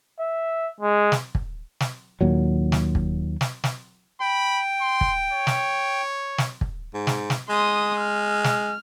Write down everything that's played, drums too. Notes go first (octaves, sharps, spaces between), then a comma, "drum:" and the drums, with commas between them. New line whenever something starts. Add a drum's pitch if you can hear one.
E5
G#3
drum: snare
drum: kick
drum: snare
D#2 A#2 F#3
drum: snare
drum: kick
drum: snare
drum: snare
G5 B5
C6
drum: kick
C#5
drum: snare
drum: snare
drum: kick
G#2
drum: snare
drum: snare
G#3 C6 D#6
F6
drum: snare